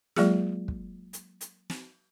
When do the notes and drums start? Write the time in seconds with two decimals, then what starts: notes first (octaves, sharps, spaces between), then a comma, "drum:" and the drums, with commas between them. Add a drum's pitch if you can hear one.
0.16 F#3 G#3 A#3 F4 G#4, drum: snare
0.68 drum: kick
1.13 drum: hi-hat
1.41 drum: hi-hat
1.70 drum: snare